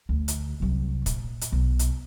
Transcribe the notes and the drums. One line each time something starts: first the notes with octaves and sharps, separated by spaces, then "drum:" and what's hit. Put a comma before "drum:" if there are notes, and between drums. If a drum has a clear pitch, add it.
D2
drum: hi-hat
C2 F#3
A#2, drum: kick, hi-hat
drum: hi-hat
B1
drum: hi-hat